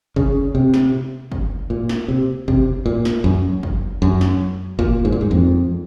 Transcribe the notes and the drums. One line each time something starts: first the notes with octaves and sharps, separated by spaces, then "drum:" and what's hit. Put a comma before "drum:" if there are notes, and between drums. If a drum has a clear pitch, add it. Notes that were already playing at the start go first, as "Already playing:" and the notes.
C#3, drum: kick
C3
drum: snare
drum: kick
A#2
drum: snare
C3
C3, drum: kick
A#2
drum: snare
F#2
drum: kick
F#2
drum: snare
A#2, drum: kick
G#2
A#2
G#2
F2